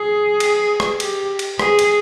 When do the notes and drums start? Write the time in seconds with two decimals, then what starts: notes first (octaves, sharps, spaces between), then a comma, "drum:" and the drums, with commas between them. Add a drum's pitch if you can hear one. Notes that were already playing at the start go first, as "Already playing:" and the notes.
Already playing: G#4
0.40 drum: cymbal
0.80 drum: rim click
1.00 G4, drum: cymbal
1.39 drum: cymbal
1.59 G#4, drum: rim click
1.79 drum: cymbal